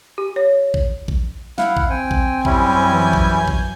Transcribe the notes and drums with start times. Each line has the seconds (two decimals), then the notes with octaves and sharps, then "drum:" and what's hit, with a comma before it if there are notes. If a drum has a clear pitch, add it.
0.18 G4
0.36 C#5
0.74 drum: kick A1
1.08 drum: kick A1
1.58 E4 F5 F#5, drum: snare
1.77 drum: kick A1
1.90 C4 G5 G#5
2.11 drum: kick A1
2.45 F#2 G3 C#4 E4 G#5 G6, drum: kick A1
2.90 E3
3.13 drum: kick A1
3.48 drum: kick A1